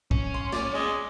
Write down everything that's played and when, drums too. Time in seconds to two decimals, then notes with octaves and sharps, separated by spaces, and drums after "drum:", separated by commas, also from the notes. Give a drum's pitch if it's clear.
0.11 C#4, drum: kick
0.34 C6
0.52 D5, drum: snare
0.74 G#3